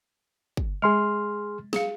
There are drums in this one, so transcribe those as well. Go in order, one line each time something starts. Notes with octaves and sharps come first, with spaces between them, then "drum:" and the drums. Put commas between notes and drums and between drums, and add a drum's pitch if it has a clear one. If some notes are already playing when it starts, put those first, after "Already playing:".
drum: kick
G#3 G#4 C6 F6
G#4 F5, drum: snare